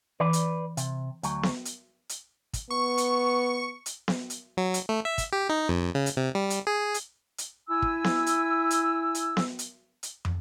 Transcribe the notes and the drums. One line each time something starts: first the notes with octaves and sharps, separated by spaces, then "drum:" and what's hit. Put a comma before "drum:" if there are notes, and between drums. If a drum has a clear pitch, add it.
E3 B4 D5
drum: hi-hat
C3, drum: hi-hat
D2 F#3, drum: hi-hat
drum: snare B3
drum: hi-hat
drum: hi-hat
drum: kick, hi-hat
B3 C#6
drum: hi-hat
drum: hi-hat
drum: snare B3
drum: hi-hat
F#3
drum: hi-hat
A3
E5
drum: kick, hi-hat
G4
D#4
F2
C#3
drum: hi-hat
C3
G3
drum: hi-hat
G#4
drum: hi-hat
drum: hi-hat
E4 G#5 E6
drum: kick
drum: snare B3
drum: hi-hat
drum: hi-hat
drum: hi-hat
drum: snare B3
drum: hi-hat
drum: hi-hat
drum: tom